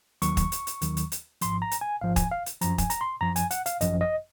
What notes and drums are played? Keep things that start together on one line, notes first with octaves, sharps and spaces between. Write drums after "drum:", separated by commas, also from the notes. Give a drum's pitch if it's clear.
D#2 D#3 F#3 C#6, drum: hi-hat
drum: kick, hi-hat
drum: hi-hat
drum: hi-hat
D#2 D#3 F#3, drum: hi-hat
drum: hi-hat
drum: hi-hat
G#1 G#2 F3 C6, drum: hi-hat
A#5
drum: hi-hat
G#5
G#1 G#2 F3 F5
G#5, drum: kick, hi-hat
F5
drum: hi-hat
F#2 F3 A#5, drum: hi-hat
G#5, drum: kick, hi-hat
A#5, drum: hi-hat
C6
F#2 F3 A#5
G#5, drum: hi-hat
F#5, drum: hi-hat
F5, drum: hi-hat
G#1 F#2 F3 D#5, drum: hi-hat
D#5